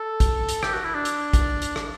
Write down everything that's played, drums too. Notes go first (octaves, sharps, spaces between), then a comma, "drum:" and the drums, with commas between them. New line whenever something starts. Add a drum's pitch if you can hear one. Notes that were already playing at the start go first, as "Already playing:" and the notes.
Already playing: A4
drum: kick, hi-hat
drum: hi-hat
G4, drum: rim click
F#4
E4
D4
drum: hi-hat
drum: kick, hi-hat
drum: hi-hat
drum: rim click